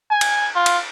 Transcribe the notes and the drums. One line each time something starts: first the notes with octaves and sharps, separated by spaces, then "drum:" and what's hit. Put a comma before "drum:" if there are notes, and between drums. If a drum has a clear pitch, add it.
G#5
drum: cymbal
F4
drum: cymbal